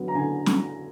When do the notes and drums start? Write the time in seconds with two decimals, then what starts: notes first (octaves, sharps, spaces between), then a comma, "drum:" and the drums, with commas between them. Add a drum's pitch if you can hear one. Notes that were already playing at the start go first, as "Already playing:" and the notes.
Already playing: D3 F#3 B3
0.08 A#5
0.15 D3 G#5
0.46 drum: snare